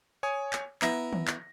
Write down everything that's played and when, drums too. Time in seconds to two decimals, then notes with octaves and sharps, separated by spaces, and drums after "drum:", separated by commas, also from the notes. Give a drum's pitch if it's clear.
0.23 C#5 G#5 D#6
0.53 drum: clap
0.82 B3 E4 A#5 A#6, drum: clap
1.13 drum: tom D#3
1.28 drum: clap